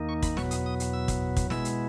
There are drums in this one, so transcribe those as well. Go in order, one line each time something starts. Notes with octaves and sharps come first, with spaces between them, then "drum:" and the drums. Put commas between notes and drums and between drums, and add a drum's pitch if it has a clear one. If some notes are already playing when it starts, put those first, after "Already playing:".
Already playing: D#2 D#3 A#3 D#4
C#6
B5, drum: kick, hi-hat
E2 B2 F#3 B3 C#6, drum: snare
D#6, drum: hi-hat
D#6
drum: hi-hat
E6
drum: kick, hi-hat
drum: kick, hi-hat
B2 G#3 B3 E4 E6, drum: snare
drum: hi-hat